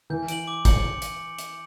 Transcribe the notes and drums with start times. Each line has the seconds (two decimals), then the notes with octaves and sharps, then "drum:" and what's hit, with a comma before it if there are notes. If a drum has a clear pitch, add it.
0.10 E3 G6
0.28 D7 F#7, drum: hi-hat
0.47 D6
0.65 G6 C#7 F#7, drum: kick, hi-hat
1.02 drum: hi-hat
1.39 drum: hi-hat